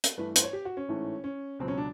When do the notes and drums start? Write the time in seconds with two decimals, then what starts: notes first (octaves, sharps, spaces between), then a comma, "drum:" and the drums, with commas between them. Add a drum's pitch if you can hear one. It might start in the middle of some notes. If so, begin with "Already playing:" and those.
0.04 drum: hi-hat
0.17 G2 E3 A3 B4
0.36 C5, drum: hi-hat
0.43 C#5
0.53 G4
0.65 F#4
0.77 C#4
0.88 A1 G#2 E3 A3
1.24 C#4
1.59 C#2 B2 F#3 C4
1.68 C#4
1.78 D4